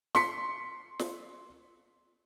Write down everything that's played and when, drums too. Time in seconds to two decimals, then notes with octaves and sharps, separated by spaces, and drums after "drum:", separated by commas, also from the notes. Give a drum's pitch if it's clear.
0.15 C6 B6 C#7, drum: snare
0.99 drum: snare